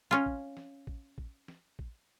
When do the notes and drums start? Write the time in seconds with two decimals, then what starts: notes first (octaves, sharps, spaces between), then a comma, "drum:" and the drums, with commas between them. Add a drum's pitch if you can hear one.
0.11 C#4 F4
0.26 drum: kick A1
0.57 drum: snare
0.87 drum: kick A1
1.18 drum: kick A1
1.48 drum: snare
1.79 drum: kick A1